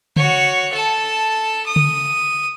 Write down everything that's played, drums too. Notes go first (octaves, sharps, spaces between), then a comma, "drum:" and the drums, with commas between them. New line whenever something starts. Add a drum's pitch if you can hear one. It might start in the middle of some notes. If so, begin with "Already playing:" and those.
F#4 C#5, drum: tom C#3
A4 A5
D#6
drum: tom C#3